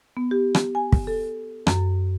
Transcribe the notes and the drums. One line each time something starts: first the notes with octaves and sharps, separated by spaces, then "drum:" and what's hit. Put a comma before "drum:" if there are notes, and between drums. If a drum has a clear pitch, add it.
B3
G4
drum: rim click
G#5
drum: kick
A4
F#2, drum: rim click